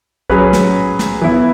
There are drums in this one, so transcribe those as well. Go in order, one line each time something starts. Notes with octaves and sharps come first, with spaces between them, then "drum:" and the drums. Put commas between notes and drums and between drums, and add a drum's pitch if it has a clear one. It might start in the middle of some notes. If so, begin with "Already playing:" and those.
F#3 C#4 G#4 B4, drum: kick A#1
drum: snare
drum: snare
E3 B3 E4